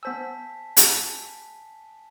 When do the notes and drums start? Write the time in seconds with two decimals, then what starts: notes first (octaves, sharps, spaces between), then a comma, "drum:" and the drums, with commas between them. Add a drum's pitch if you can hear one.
0.03 B3 C5 G#5 A5 E6 B6
0.77 drum: hi-hat